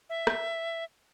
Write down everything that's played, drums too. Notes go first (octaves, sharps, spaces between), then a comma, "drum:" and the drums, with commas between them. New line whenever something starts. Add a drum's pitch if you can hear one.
E5
drum: rim click